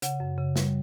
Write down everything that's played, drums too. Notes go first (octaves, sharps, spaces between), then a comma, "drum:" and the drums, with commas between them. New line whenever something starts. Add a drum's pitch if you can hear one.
C#3 F#5, drum: hi-hat
F#2
C#3
G3, drum: snare